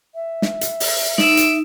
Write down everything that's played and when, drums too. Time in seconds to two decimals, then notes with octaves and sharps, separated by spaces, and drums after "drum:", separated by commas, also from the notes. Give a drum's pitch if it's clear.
0.15 E5
0.42 drum: snare
0.61 drum: hi-hat
0.80 drum: open hi-hat
1.18 D#4 E6 D7, drum: snare
1.37 drum: hi-hat